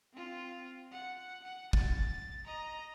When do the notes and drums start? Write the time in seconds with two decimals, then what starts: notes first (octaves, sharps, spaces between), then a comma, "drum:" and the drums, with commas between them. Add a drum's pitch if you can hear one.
0.13 C4 F4
0.92 F#5
1.44 F#5
1.73 A6, drum: kick
2.46 D#5 A#5